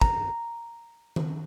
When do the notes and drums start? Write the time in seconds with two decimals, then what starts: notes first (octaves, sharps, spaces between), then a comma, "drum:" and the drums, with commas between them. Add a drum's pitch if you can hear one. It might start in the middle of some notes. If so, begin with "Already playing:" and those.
0.01 A#5, drum: kick
1.16 drum: tom D#3